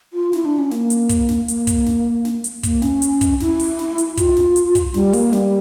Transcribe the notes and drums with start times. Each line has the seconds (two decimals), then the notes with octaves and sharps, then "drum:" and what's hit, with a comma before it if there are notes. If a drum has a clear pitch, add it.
0.13 F4
0.33 E4, drum: snare
0.45 D4
0.58 C#4
0.71 A#3, drum: snare
0.90 drum: hi-hat
1.09 drum: kick, hi-hat
1.29 drum: snare
1.48 A#3, drum: hi-hat
1.67 drum: kick, hi-hat
1.86 drum: snare
2.25 drum: snare
2.44 drum: hi-hat
2.63 A#3, drum: kick, hi-hat
2.82 C#4, drum: snare
3.02 drum: hi-hat
3.21 drum: kick, hi-hat
3.40 E4, drum: snare
3.60 drum: open hi-hat
3.79 drum: snare
3.98 drum: hi-hat
4.17 F4, drum: kick, hi-hat
4.36 drum: snare
4.56 drum: hi-hat
4.75 drum: kick, hi-hat
4.94 G3, drum: snare
5.13 A#3, drum: open hi-hat
5.33 G3, drum: snare